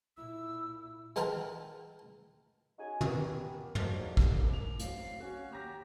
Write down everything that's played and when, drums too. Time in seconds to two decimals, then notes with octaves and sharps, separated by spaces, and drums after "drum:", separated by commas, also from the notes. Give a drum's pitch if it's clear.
0.17 A#2 E4 E6
1.16 G#3 B3 A#4 G5 A5 A#5, drum: hi-hat
2.78 C#4 D#4 F#4 G#5
3.01 B3 G4 A#4, drum: tom
3.75 G#2 D3 F3 F#3 A#3 D#4, drum: tom
4.17 C2, drum: kick
4.41 C#2 C3 A#4
4.53 F7
4.79 A1 F#3 C4 F5, drum: hi-hat
5.20 C#4 F#4
5.50 D#2 G4 A#5 A#6